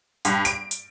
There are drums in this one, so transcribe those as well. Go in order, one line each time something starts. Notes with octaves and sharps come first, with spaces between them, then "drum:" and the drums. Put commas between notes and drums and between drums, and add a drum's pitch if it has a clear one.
G2, drum: hi-hat
D7, drum: hi-hat
drum: hi-hat